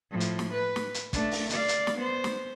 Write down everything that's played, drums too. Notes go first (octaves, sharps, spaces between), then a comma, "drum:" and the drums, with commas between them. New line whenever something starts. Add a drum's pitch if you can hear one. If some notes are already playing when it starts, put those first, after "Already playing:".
A2 F3
drum: hi-hat
drum: snare
B4
drum: snare
drum: hi-hat
A3 D4, drum: kick, hi-hat
drum: open hi-hat
D5 F5, drum: hi-hat
drum: hi-hat
drum: snare
B3 C5
drum: snare